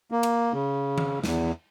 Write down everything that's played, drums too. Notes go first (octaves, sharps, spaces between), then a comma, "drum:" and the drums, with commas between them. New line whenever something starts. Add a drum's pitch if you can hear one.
A#3
drum: cymbal
C#3
drum: tom D#3
E2, drum: snare